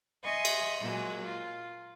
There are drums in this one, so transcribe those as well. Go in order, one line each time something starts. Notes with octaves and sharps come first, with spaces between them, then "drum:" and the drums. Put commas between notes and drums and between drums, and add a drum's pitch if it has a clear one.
D#5 E5 G#5 C6 C#6
drum: cymbal
A#2 F#3 G#3
F4